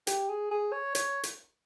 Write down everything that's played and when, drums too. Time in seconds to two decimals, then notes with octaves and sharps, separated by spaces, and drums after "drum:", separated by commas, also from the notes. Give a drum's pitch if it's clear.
0.07 G4, drum: hi-hat
0.29 G#4
0.51 G#4
0.72 C#5
0.95 C#5, drum: hi-hat
1.23 drum: hi-hat